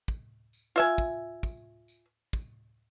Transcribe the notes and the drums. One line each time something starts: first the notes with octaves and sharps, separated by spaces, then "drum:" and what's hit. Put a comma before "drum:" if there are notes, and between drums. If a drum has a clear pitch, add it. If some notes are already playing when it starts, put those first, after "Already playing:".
drum: kick, tambourine
drum: tambourine
F4 E5 G#5
drum: kick, tambourine
drum: kick, tambourine
drum: tambourine
drum: kick, tambourine